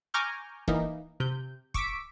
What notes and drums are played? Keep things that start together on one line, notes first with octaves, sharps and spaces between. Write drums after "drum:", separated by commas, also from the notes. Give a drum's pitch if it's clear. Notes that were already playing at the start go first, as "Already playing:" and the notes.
G#5 A#5 C#6 D6 F6 G6
E3 A#3 D#4, drum: kick
C3 G6
C#6 D6 E6 B6 D7, drum: kick